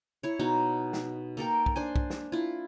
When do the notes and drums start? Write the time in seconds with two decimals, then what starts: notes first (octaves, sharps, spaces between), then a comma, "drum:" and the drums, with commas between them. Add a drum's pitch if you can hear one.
0.23 E4 C#5
0.39 B2 D#4 F#4
0.93 drum: snare
1.37 A#3 A4 A#4 G5
1.66 drum: kick
1.76 D4 C5 G#5
1.96 drum: kick
2.10 drum: snare
2.32 E4 F4